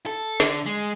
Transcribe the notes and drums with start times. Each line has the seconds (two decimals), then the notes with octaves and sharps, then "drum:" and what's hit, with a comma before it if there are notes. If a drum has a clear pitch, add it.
0.06 A4
0.40 D3, drum: snare
0.66 G#3